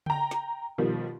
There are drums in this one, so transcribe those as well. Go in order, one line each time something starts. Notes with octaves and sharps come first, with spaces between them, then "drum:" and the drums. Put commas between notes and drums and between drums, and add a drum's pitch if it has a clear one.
G5 A#5, drum: tom C#3
drum: snare
B2 D#3 F3 G3